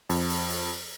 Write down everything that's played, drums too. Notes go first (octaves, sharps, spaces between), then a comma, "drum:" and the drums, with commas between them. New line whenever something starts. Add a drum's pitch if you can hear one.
F2, drum: open hi-hat
drum: open hi-hat
drum: open hi-hat